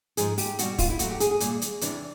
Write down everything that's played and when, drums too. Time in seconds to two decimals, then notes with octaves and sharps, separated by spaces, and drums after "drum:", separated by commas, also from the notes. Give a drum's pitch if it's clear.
0.17 G#2 F3 G#3 G#4, drum: hi-hat
0.38 G4, drum: open hi-hat
0.59 B2 G3 F#4, drum: hi-hat
0.79 F4, drum: kick, open hi-hat
0.90 E4
0.99 A2 F#3 F#4, drum: hi-hat
1.11 G4
1.20 G#4, drum: hi-hat
1.31 G#4
1.40 A#2 G3, drum: hi-hat
1.62 drum: hi-hat
1.81 E2 C3 E3 D4, drum: hi-hat